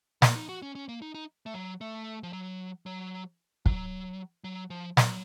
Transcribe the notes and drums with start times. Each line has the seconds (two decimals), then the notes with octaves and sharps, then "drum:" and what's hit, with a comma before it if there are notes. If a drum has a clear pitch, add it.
0.22 A#3, drum: snare
0.36 D#4
0.49 F#4
0.62 C#4
0.75 C#4
0.89 A#3
1.02 D#4
1.14 D#4
1.46 A3
1.54 F#3
1.81 A3
2.23 F3
2.33 F#3
2.86 F#3
3.66 F#3, drum: kick
4.44 F#3
4.70 F3
4.97 F#3, drum: snare